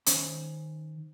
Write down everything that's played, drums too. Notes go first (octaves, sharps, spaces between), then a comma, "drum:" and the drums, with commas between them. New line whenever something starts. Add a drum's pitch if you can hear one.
D#3 C#4 C5 B5, drum: hi-hat